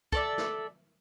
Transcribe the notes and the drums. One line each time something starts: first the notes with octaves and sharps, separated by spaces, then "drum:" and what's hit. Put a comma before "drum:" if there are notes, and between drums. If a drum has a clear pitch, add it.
A4 D5 E5, drum: kick
drum: snare